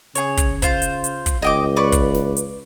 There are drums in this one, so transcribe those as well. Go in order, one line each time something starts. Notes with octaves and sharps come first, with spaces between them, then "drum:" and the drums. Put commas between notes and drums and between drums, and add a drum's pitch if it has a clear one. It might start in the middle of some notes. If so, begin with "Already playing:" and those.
C#3 G#4 C#5, drum: hi-hat
drum: kick, hi-hat
F4 C5, drum: kick, hi-hat
drum: hi-hat
drum: hi-hat
drum: kick, hi-hat
C#2 D#5 G5 D6
B4 D5 C#6
drum: kick, hi-hat
drum: snare
drum: hi-hat